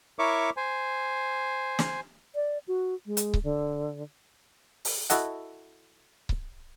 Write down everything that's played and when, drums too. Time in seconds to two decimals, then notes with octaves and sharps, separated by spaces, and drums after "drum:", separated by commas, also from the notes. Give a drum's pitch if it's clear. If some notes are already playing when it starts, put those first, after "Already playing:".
0.19 E4 A#4 C#5 E5 C#6 D6
0.57 C5 G#5
1.79 drum: snare
2.35 D5
2.68 F#4
3.06 G#3
3.17 drum: hi-hat
3.34 drum: kick C#1
3.44 D3
4.85 drum: open hi-hat
5.10 E4 F#4 A4 D#5 F#5, drum: hi-hat
6.29 drum: kick C#1